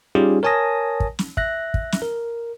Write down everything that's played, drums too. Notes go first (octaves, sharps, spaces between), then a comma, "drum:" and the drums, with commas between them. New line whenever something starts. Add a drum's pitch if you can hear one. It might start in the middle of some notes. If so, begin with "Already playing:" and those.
G3 C#4 D#4 F4 G4 G#4
A#4 C#5 G#5 A5 D#6 A#6
drum: kick
drum: snare
E5 F#6 A#6, drum: kick
drum: kick
drum: snare
A#4